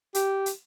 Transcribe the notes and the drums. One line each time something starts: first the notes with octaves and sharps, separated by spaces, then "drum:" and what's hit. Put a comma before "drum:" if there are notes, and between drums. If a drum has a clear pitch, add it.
G4, drum: hi-hat
drum: hi-hat